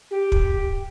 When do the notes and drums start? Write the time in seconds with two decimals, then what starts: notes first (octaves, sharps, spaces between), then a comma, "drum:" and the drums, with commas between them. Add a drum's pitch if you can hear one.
0.10 G4
0.32 drum: kick